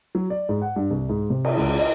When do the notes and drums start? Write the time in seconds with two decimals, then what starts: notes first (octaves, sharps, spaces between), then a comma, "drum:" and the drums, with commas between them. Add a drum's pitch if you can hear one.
0.15 F#3
0.30 D5
0.49 G#2
0.62 F#5
0.76 G2
0.91 C2
1.09 G#2
1.30 C3
1.45 drum: cymbal
1.58 C#2
1.79 D#5